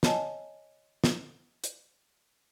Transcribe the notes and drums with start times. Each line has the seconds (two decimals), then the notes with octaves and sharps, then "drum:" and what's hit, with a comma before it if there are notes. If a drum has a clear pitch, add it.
0.03 C#5 D#5 G#5 A5, drum: snare
1.04 drum: snare
1.64 drum: hi-hat